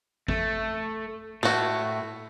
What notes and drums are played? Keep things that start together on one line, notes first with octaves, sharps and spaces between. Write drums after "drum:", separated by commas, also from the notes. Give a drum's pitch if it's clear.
A3, drum: kick
A2 A3 F#4, drum: snare